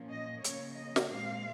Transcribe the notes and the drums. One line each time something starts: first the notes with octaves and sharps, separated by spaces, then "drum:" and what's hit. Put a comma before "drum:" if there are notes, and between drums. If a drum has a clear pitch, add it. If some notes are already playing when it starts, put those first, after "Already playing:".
Already playing: A#2 F3 A#3 C#4
D#5
C#3 F3 A#3 C#4 C#5, drum: hi-hat
D#5
drum: snare
A#2 G#3 C4 F5